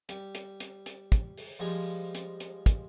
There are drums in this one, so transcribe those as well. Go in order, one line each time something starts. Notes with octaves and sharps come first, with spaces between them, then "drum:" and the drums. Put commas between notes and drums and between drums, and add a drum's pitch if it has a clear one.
G3, drum: hi-hat
drum: hi-hat
drum: hi-hat
drum: hi-hat
drum: kick, hi-hat
drum: open hi-hat
F3 G3 G#3
drum: hi-hat
drum: hi-hat
drum: kick, hi-hat